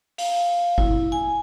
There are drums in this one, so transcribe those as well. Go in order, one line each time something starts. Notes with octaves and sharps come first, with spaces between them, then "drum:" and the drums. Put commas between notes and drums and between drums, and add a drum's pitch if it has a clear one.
F5, drum: open hi-hat
E4, drum: kick
G#5